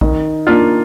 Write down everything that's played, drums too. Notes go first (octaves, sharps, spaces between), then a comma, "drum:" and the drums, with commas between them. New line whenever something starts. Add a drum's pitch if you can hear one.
D#3, drum: kick A#1
A#3 D4 F4